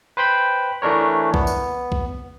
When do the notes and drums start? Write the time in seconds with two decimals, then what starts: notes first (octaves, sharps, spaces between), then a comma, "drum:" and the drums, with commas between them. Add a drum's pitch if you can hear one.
0.17 B4 C5 G5 B5
0.82 E3 A3 D4 A#4 C#5
1.34 B3, drum: kick B1
1.47 drum: tambourine
1.92 drum: kick B1